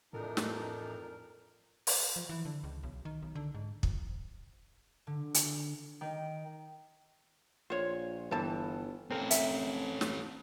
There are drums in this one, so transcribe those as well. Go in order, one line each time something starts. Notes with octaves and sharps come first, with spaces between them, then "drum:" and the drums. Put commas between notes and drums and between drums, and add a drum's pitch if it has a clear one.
F2 A2 E3 D4 D#4 A#4
drum: snare
drum: open hi-hat
F3
E3
D3
C#2
B1
D#3
B1
D3
G#2
F2, drum: kick
D3
drum: hi-hat
D#3
A#1 F4 C5 C#5
G1 G2 E3 C5 A5
F1 C4 C#4 A4 A#4
E5, drum: hi-hat
drum: snare